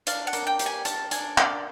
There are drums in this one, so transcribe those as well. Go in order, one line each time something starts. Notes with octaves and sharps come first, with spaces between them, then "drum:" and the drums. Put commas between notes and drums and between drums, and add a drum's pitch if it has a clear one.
D4 F5, drum: hi-hat
F#5
A#3, drum: hi-hat
G5
G4, drum: hi-hat
G#5
A#3 A5, drum: hi-hat
D4 G#5, drum: hi-hat
A#3 D5, drum: clap